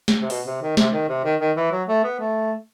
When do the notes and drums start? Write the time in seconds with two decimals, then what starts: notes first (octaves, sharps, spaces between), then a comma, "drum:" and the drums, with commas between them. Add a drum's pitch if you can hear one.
0.08 drum: snare
0.22 C3
0.30 B2, drum: open hi-hat
0.46 C3
0.62 D#3
0.77 C3, drum: snare
0.93 D#3
1.09 C3
1.24 D#3
1.41 D#3
1.56 E3
1.72 F#3
1.88 A3
2.04 B3
2.20 A3